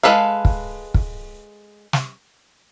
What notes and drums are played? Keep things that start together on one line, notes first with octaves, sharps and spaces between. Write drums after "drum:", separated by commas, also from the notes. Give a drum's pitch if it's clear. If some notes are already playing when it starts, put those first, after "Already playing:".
G#3 F4 A4 B4 F5
drum: kick
drum: kick
drum: snare